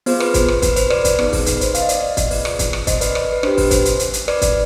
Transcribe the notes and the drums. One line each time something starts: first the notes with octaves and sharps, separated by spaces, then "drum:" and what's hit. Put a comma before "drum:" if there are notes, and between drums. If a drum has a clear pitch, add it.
B3 F4 G#4 C5, drum: open hi-hat
B4, drum: rim click
C5, drum: kick, hi-hat
drum: rim click
B4, drum: kick, hi-hat
C5, drum: hi-hat
B4 D5, drum: rim click
drum: kick, hi-hat
B3 D#4 G#4, drum: rim click
drum: kick, open hi-hat
B4, drum: kick, hi-hat
C5, drum: hi-hat
F5, drum: hi-hat
D#5
D5, drum: hi-hat
C5 D#5
drum: kick, hi-hat
B3 F4 G#4 B4 D5, drum: open hi-hat
drum: rim click
drum: kick, hi-hat
drum: rim click
C5 D#5, drum: kick, hi-hat
B4 D5, drum: hi-hat
drum: rim click
B4
D4 G4 C5, drum: rim click
B4, drum: kick, open hi-hat
C5, drum: kick, hi-hat
drum: hi-hat
drum: hi-hat
drum: hi-hat
B4 D5, drum: rim click
drum: kick, hi-hat